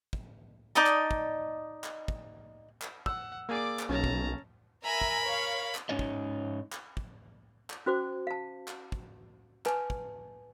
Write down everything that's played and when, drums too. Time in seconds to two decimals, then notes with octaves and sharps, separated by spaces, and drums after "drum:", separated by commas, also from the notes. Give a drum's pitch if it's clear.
0.13 drum: kick
0.75 D#4 D5 D#5 A5
0.86 drum: clap
1.11 drum: kick
1.84 drum: clap
2.08 drum: kick
2.82 drum: clap
3.06 F#5 E6, drum: kick
3.49 A#3 G#4 D5 D6
3.79 drum: clap
3.89 B1 C#4 A5 A#5
4.04 drum: kick
4.84 A#4 E5 G#5 A#5 B5
5.01 drum: kick
5.25 C#5 F5
5.75 drum: clap
5.89 G#2 C#4 D#4 C#5 D#5
5.99 drum: kick
6.72 drum: clap
6.97 drum: kick
7.70 drum: clap
7.86 C#4 F#4 C5 D6
8.27 F5 A5
8.68 drum: clap
8.92 drum: kick
9.66 B4 G#5 A5, drum: clap
9.90 drum: kick